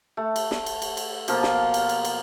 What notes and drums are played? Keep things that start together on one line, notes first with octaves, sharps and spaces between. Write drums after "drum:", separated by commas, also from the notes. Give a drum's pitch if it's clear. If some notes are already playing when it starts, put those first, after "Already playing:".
A3
drum: cymbal
drum: snare
drum: cymbal
drum: cymbal
drum: cymbal
B2 F3 A#3 F4, drum: cymbal
drum: snare
drum: cymbal
drum: cymbal
drum: cymbal